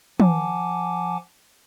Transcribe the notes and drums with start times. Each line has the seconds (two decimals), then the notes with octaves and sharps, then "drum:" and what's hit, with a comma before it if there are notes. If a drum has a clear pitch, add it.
0.20 F3 F#5 G#5 A5 D6, drum: tom